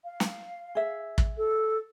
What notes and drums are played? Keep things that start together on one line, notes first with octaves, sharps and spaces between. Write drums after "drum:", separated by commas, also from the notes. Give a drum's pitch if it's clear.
F5
drum: snare
G#4 E5
drum: kick
A4